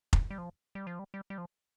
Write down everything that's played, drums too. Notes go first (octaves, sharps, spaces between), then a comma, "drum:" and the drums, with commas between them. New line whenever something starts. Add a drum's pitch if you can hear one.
drum: kick F1
G3
F3
G3
F3
G3
G3
G3
F3